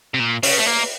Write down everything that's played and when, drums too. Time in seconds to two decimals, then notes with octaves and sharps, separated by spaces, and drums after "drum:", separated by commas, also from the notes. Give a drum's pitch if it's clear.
0.14 C3
0.20 A#2
0.43 C#3, drum: open hi-hat
0.58 A3
0.66 A#3